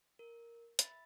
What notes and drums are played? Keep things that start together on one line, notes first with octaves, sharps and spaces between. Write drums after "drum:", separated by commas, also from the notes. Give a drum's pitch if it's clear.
A#4
E5 B5 A6, drum: hi-hat